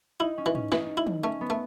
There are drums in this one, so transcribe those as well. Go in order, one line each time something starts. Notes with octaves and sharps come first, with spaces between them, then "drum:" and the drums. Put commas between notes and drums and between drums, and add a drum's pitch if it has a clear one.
D#4 E4
C#4
E3
C#4, drum: tom
E3 D#4, drum: snare
E4
drum: tom
A3 C#4
B3
A3